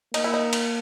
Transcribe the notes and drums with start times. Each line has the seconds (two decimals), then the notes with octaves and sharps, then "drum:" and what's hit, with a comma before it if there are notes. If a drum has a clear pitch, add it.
0.14 A#3 D#4, drum: cymbal
0.24 E4
0.34 D#4
0.53 drum: cymbal